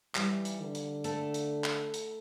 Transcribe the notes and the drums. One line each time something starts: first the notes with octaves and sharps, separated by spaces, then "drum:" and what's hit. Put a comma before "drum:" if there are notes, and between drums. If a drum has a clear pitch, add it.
E3 G3 G4, drum: clap
drum: hi-hat
D3
drum: hi-hat
A3 A4, drum: hi-hat
drum: hi-hat
drum: clap
drum: hi-hat